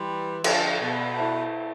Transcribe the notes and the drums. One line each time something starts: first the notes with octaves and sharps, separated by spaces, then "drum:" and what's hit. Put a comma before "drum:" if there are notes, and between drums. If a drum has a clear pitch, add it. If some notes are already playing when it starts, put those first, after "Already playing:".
Already playing: E3 G3 B4 C6
D3 F3 A4 E5 A5 D6, drum: cymbal
B2
E4 A4 C5 E5 A5